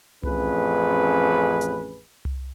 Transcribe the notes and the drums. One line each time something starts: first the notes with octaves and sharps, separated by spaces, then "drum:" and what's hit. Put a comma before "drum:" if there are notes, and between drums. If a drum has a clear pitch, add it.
A1 F2 C#4 G#4 B4, drum: tom C2
drum: hi-hat
drum: tom C2